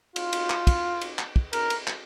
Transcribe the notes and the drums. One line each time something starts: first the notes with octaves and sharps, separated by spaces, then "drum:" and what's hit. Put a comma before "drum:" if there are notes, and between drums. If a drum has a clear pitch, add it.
F4, drum: cymbal
drum: cymbal
drum: clap
drum: kick, cymbal
drum: cymbal
drum: clap
drum: kick
A#4, drum: cymbal
drum: cymbal
drum: clap